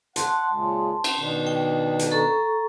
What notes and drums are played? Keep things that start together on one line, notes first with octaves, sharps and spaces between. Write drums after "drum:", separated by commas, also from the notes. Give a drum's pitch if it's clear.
F#5 A5 C6, drum: hi-hat
A#2 C#3 G#3
drum: cymbal
B2 D#3 D4
G5
drum: hi-hat
A4 A#5 C#6